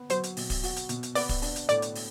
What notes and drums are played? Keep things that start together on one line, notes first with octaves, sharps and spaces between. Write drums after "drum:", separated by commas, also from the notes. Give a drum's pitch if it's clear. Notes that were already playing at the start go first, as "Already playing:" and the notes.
Already playing: B3
F#3 C5, drum: hi-hat
drum: hi-hat
B2, drum: open hi-hat
drum: kick, open hi-hat
F#4, drum: open hi-hat
drum: hi-hat
B2, drum: hi-hat
drum: hi-hat
B3 D5, drum: open hi-hat
drum: kick, open hi-hat
D4, drum: open hi-hat
drum: hi-hat
A2 D5, drum: hi-hat
drum: hi-hat
drum: open hi-hat